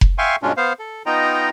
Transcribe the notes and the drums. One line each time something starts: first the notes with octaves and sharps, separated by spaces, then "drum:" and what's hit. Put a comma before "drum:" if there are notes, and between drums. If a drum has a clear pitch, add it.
drum: kick F1
E5 F5 G5 G#5 C6 C#6
G2 B2 G#3 C#4 D4 F4
B3 C5 F5
A4
B3 D#4 F4 D#5 G5 A#5